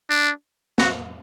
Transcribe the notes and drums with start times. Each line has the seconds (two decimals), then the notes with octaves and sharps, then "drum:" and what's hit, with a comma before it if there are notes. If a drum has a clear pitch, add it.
0.09 D4
0.78 F#4, drum: snare